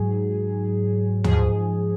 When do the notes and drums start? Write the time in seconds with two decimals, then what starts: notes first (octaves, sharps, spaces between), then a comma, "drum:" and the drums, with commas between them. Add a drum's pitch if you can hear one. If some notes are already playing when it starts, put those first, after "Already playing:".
Already playing: G#2 F#3 G#4
1.24 G#2 F3 G#4, drum: tom